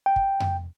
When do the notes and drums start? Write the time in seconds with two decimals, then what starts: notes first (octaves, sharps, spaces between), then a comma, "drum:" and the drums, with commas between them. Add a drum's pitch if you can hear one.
0.06 G5
0.16 drum: kick
0.40 drum: tom F2